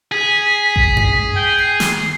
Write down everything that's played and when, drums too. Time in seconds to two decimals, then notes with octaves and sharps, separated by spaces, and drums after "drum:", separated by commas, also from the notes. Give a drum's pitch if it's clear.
0.12 G#4 B6
0.76 drum: kick A1
0.97 drum: tom F#2
1.35 G5
1.59 C7
1.80 drum: snare